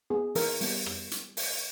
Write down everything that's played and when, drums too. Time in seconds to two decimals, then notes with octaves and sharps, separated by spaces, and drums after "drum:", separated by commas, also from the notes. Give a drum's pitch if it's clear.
0.10 B3 G#4
0.35 E3 A#4, drum: open hi-hat
0.61 G3 B3, drum: open hi-hat
0.86 drum: rim click
1.11 drum: hi-hat
1.37 drum: open hi-hat